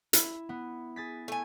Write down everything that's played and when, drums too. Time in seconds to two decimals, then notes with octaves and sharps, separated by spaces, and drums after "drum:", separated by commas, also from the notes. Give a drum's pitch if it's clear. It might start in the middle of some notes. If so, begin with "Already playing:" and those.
0.13 E4, drum: hi-hat
0.49 B3
0.96 G#4 A6 B6
1.28 A3 G#5